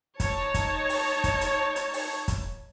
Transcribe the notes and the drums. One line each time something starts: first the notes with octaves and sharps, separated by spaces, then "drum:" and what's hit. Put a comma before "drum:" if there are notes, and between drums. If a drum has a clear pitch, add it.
D#4 C#5 A5, drum: kick, hi-hat
drum: kick, hi-hat
drum: open hi-hat
drum: kick, hi-hat
drum: hi-hat
drum: hi-hat
drum: open hi-hat
drum: kick, hi-hat